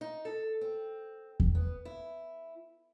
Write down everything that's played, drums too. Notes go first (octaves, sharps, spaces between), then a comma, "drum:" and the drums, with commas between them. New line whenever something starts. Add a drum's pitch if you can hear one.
D#4
A4
C4
drum: kick E2
B3
E4